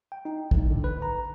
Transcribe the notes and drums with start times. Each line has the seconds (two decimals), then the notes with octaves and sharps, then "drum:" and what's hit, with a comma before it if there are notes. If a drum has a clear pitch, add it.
0.12 G5
0.25 D#4
0.51 A2, drum: kick
0.71 D3
0.84 B4
1.02 A#5